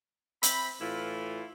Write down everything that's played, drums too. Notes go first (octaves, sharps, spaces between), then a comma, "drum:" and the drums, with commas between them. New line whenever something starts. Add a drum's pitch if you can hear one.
C4 E5 B5, drum: hi-hat
A2 E3 E4 F4